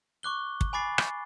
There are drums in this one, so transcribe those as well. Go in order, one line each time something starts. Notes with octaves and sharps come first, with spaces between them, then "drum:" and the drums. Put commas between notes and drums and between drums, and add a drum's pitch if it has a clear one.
C#6 D6 F#6 G7
drum: kick
G#5 B5 D6 A6 C7
drum: rim click